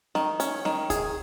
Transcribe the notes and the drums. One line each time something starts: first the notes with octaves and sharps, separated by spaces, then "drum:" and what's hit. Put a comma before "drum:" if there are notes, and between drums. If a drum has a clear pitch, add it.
D#3, drum: snare
C#4, drum: hi-hat
D#3, drum: snare
G#4, drum: kick C#2, hi-hat